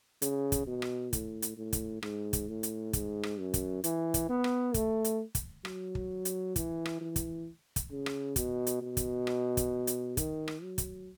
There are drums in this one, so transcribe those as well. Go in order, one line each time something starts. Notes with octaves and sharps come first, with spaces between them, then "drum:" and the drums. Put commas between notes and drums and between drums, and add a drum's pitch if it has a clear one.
C#3, drum: hi-hat
drum: kick, hi-hat
B2
drum: rim click
A2, drum: kick, hi-hat
drum: hi-hat
A2
drum: kick, hi-hat
G#2, drum: rim click
drum: kick, hi-hat
A2
drum: hi-hat
G#2, drum: kick, hi-hat
drum: rim click
F#2
drum: kick, hi-hat
E3, drum: hi-hat
drum: kick, hi-hat
B3
drum: rim click
A3, drum: kick, hi-hat
drum: hi-hat
drum: kick, hi-hat
F#3, drum: rim click
drum: kick
drum: hi-hat
E3, drum: kick, hi-hat
drum: rim click
E3
drum: kick, hi-hat
drum: kick, hi-hat
C#3
drum: rim click
B2, drum: kick, hi-hat
drum: hi-hat
B2
drum: kick, hi-hat
drum: rim click
drum: kick, hi-hat
drum: hi-hat
D#3, drum: kick, hi-hat
drum: rim click
F#3
drum: kick, hi-hat